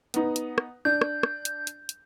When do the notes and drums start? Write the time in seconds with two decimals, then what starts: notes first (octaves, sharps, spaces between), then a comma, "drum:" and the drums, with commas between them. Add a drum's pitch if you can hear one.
0.14 B3 D#4, drum: hi-hat
0.36 drum: hi-hat
0.58 drum: rim click
0.85 D4 G6
1.01 drum: rim click
1.23 drum: rim click
1.45 drum: hi-hat
1.67 drum: hi-hat
1.89 drum: hi-hat